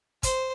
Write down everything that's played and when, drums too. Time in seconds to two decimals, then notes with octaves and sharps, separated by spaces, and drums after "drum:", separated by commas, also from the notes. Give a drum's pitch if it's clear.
0.23 C5, drum: kick, hi-hat